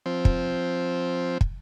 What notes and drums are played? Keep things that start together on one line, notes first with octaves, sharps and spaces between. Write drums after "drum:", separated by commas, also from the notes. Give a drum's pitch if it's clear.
F3 C4
drum: kick
drum: kick